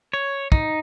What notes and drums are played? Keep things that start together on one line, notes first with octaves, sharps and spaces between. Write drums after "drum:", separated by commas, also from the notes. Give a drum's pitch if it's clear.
C#5
D#4, drum: kick